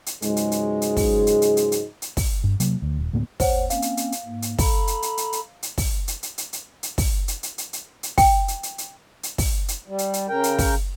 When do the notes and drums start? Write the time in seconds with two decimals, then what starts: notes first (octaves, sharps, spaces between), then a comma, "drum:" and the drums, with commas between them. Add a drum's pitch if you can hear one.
0.06 drum: hi-hat
0.22 C#2 G#2 F#3 G#3, drum: hi-hat
0.37 drum: hi-hat
0.52 drum: hi-hat
0.82 drum: hi-hat
0.97 drum: kick, open hi-hat
1.27 drum: hi-hat
1.42 drum: hi-hat
1.57 drum: hi-hat
1.72 drum: hi-hat
2.02 drum: hi-hat
2.17 drum: kick, open hi-hat
2.44 G2
2.60 C3 F#3 A#3, drum: hi-hat
2.82 D2
2.99 D#1
3.13 D2 A2 A#3 B3
3.40 D#2 C5 C#5 F#5, drum: kick, open hi-hat
3.70 A#3 C4 C#4 F5, drum: hi-hat
3.82 drum: hi-hat
3.97 drum: hi-hat
4.12 drum: hi-hat
4.25 G#2 A#3
4.42 drum: hi-hat
4.59 A4 A#5 B5, drum: kick, open hi-hat
4.87 drum: hi-hat
5.02 drum: hi-hat
5.17 drum: hi-hat
5.33 drum: hi-hat
5.63 drum: hi-hat
5.78 drum: kick, open hi-hat
6.08 drum: hi-hat
6.23 drum: hi-hat
6.38 drum: hi-hat
6.53 drum: hi-hat
6.83 drum: hi-hat
6.98 drum: kick, open hi-hat
7.28 drum: hi-hat
7.43 drum: hi-hat
7.58 drum: hi-hat
7.73 drum: hi-hat
8.03 drum: hi-hat
8.18 G5, drum: kick, open hi-hat
8.48 drum: hi-hat
8.63 drum: hi-hat
8.78 drum: hi-hat
9.23 drum: hi-hat
9.38 drum: kick, open hi-hat
9.68 drum: hi-hat
9.88 G3
9.98 drum: hi-hat
10.13 drum: hi-hat
10.29 C#3 A#4 G5
10.44 drum: hi-hat
10.59 drum: kick, open hi-hat